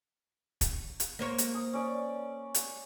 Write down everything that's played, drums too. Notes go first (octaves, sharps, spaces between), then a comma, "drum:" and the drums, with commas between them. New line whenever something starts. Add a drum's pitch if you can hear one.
drum: kick, hi-hat
drum: hi-hat
A#3 C5 C#5
drum: hi-hat
D#6
C#4 D5
drum: hi-hat